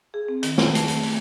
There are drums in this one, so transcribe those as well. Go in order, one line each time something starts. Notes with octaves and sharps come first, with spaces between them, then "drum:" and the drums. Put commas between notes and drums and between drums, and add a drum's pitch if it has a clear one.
G#4
C4
D#3, drum: hi-hat
drum: snare
A3, drum: hi-hat
drum: hi-hat
drum: open hi-hat